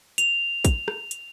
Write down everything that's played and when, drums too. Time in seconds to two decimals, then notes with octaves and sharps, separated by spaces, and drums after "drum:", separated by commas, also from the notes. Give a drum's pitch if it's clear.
0.18 F7, drum: hi-hat
0.65 drum: kick, hi-hat
0.88 drum: rim click
1.11 drum: hi-hat